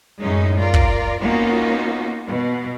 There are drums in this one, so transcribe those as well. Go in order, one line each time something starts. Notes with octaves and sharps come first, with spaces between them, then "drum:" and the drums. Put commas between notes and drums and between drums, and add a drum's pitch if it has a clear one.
F#2 A2 F#3 G#3 C#4 D#4
F4 A#4 D5
drum: kick
A#3 B3 C#4 D#4 F4 F#4
B2